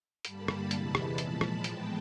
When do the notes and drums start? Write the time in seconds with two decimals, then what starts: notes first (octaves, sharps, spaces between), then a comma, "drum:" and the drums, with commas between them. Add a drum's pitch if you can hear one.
0.25 G2 D3 G3 A#3 A5 B5, drum: hi-hat
0.48 drum: rim click
0.71 E2 C3 E3 G#3 A5 B5, drum: hi-hat
0.95 drum: rim click
1.18 A#2 F3 G#3, drum: hi-hat
1.41 drum: rim click
1.64 A2 E3 G#3 B3 G5 A5, drum: hi-hat